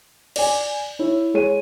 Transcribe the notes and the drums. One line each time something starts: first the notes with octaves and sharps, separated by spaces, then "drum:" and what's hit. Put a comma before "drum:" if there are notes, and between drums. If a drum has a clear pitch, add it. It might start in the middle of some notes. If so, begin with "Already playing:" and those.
D5 G#5, drum: cymbal
E4 C#5
G#3 C#5 D#7